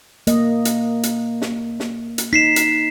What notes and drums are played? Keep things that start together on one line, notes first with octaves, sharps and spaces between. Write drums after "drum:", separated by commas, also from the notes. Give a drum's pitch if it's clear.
A#3 D#5, drum: hi-hat
drum: hi-hat
drum: hi-hat
drum: snare
drum: snare
drum: hi-hat
D#4 B6 C7 E7
drum: hi-hat